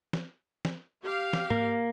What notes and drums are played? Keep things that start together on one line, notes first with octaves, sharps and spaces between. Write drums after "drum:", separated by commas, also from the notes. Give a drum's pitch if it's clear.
drum: snare
drum: snare
G4 F5
drum: snare
A#3, drum: tom G#2